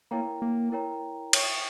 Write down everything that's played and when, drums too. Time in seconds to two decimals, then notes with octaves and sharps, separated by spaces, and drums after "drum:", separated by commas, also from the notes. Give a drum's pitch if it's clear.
0.11 A#3 E4 A#4 C#5 G5 A#5
0.42 A#3
0.72 E4 A#4 C#5 G5 A#5
1.33 C#5 G5 C#6, drum: cymbal